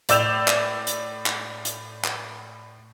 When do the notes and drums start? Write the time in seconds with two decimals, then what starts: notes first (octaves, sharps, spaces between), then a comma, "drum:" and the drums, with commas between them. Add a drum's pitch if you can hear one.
0.09 A2 D5 E6 G6 E7 F7, drum: hi-hat
0.48 drum: clap
0.87 drum: hi-hat
1.26 drum: clap
1.65 drum: hi-hat
2.04 drum: clap